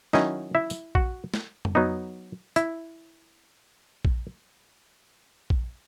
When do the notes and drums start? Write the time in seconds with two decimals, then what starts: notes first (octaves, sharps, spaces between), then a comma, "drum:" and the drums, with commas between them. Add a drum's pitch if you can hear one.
0.13 D#3 F#3 C#4 D#4 E4 D#5, drum: snare
0.55 E4 E5
0.70 drum: tambourine
0.95 F#4 F#5, drum: kick A#1
1.34 drum: snare
1.65 drum: tom F2
1.75 F#3 B3 D#4
2.56 E4 E5, drum: hi-hat
4.05 drum: kick A#1
5.50 drum: kick A#1